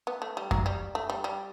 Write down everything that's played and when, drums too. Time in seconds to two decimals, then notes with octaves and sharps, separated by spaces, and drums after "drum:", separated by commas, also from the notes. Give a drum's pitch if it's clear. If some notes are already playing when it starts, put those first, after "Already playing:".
0.07 B3
0.22 A3
0.37 G3
0.51 F#3, drum: kick F#2
0.66 G3
0.95 A3
1.10 G3
1.24 G3